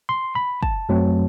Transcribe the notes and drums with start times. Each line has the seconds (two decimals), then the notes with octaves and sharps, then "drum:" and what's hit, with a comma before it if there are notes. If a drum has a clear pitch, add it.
0.09 C6
0.35 B5
0.63 A5, drum: kick
0.89 F#2 F#3 A3 C4